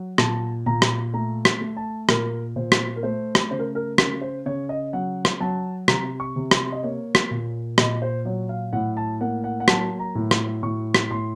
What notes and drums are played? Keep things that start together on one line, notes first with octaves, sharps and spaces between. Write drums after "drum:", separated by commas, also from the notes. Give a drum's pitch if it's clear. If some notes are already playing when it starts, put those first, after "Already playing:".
Already playing: F#3
A#2 A5, drum: rim click
A#2 A#5
drum: rim click
A3 A#5
drum: rim click
A3
A5
A#2 A#4, drum: rim click
A#2 C5
drum: rim click
A#4
A3 C5
drum: rim click
C#3 C5
A#4
A#4
C#3 A#4, drum: rim click
C5
C#3 C#5
D#5
F#3 F#5
drum: rim click
F#3 A5
C3 A#5, drum: rim click
C#6
C3
C6, drum: rim click
D#5
A#3 C#5
drum: rim click
A#2
A#2 D#5, drum: rim click
C5
F#3 C#5
F5
A2 F#5
A5
A#3 F#5
F#5
F#5
F#3 A5, drum: rim click
A#5
A2
drum: rim click
A2 C#6
drum: rim click
A2 C6